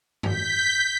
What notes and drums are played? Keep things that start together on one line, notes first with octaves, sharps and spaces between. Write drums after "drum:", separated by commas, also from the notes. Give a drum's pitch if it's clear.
G6 B6, drum: tom